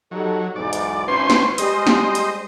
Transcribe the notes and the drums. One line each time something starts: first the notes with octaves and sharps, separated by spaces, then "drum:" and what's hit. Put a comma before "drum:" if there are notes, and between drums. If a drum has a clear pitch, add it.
F#3 G3 D#4 A4
B1 E2 G#2 D5
drum: hi-hat
G#1 C#4 B4 C5 C6
drum: snare
G3 G#3 C5 D#5, drum: hi-hat
drum: snare
drum: hi-hat